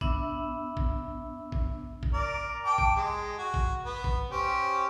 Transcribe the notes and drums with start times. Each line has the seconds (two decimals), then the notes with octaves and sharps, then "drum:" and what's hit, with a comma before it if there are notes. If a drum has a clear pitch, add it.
0.01 B3 D4 E5 E6, drum: kick A1
0.77 drum: kick A1
1.52 drum: kick A1
2.03 drum: kick A1
2.13 A#4 D5
2.65 G5 A5 D6
2.78 drum: kick A1
2.96 G#3
3.38 F#4
3.54 drum: kick A1
3.85 B3
4.04 drum: kick A1
4.31 C#4 G4 C5